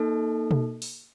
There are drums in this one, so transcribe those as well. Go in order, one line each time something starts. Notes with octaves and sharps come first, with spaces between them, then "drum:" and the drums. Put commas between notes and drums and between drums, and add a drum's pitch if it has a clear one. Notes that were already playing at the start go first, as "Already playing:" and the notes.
Already playing: A#3 D#4 A4
drum: tom B2
drum: open hi-hat